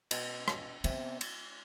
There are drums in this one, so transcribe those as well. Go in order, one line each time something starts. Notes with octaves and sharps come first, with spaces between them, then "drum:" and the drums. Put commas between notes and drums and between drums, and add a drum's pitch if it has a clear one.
B2, drum: cymbal
drum: rim click
C3 B3, drum: cymbal
drum: cymbal